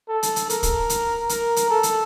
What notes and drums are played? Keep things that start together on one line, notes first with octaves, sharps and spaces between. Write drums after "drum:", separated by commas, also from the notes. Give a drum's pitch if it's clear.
A4
drum: hi-hat
drum: hi-hat
A#4, drum: hi-hat
drum: kick, hi-hat
drum: hi-hat
A#4, drum: hi-hat
drum: hi-hat
A4
drum: hi-hat